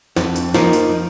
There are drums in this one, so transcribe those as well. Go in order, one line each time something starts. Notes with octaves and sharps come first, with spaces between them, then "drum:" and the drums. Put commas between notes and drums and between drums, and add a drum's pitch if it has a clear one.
F2, drum: snare
drum: tambourine
F3 A#3 D#4, drum: snare
drum: tambourine